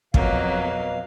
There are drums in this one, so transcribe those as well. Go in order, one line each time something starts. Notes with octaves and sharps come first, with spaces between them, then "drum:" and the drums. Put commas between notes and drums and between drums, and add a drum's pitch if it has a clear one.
F2 B2 F#3 A#3 F5, drum: kick